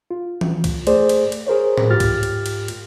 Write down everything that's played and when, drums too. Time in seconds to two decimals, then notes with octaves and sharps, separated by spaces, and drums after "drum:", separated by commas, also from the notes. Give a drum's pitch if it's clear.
0.11 F4
0.41 drum: tom E3
0.64 drum: kick C2, cymbal
0.87 A3 G#4 C5 D5, drum: cymbal
1.09 drum: cymbal
1.32 drum: cymbal
1.47 G#4 A#4 C5 C#5
1.78 drum: tom A2
1.90 G#2 F4 G4 F6 A6
2.00 drum: kick C2, cymbal
2.23 drum: cymbal
2.46 drum: cymbal
2.68 drum: cymbal